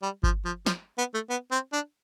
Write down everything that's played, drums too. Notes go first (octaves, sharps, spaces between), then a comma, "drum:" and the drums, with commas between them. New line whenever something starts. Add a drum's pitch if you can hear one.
G3
F3, drum: kick G1
F3
F3, drum: snare
B3
A3
B3
C4
D4